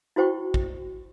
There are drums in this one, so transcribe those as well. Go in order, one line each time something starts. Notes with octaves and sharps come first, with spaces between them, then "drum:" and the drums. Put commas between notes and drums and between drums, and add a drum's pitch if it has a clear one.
E4 F#4 C5 G5 C#6
drum: kick